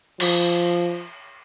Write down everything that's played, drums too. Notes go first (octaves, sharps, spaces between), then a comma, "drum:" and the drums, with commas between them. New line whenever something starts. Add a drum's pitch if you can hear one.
F3, drum: cymbal